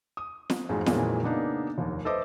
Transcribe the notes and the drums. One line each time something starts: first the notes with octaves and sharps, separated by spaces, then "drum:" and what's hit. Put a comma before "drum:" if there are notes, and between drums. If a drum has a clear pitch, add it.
D#6
drum: snare
F2 G#2 F#3 G#3 A3 F4
F2 A#2 D#3 E3 F#3 G#3, drum: snare
C#3 A#3 B3 D4 D#4
F1 D#2
A4 B4 C5 D#5 E5 D6